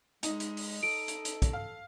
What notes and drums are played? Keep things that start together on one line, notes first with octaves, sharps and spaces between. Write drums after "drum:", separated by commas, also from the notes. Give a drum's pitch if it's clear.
G#3 D#4, drum: hi-hat
drum: hi-hat
drum: open hi-hat
A4 D7
drum: hi-hat
drum: hi-hat
drum: kick, hi-hat
F5